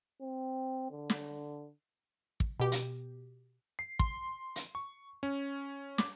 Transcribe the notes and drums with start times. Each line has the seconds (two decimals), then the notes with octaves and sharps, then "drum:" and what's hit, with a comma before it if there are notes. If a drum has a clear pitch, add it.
0.22 C4
0.91 D3
1.10 drum: snare
2.40 drum: kick
2.60 B2 G4
2.72 drum: hi-hat
3.79 C7
3.99 C6, drum: kick
4.56 drum: hi-hat
4.75 C#6
5.23 C#4
5.98 D6, drum: snare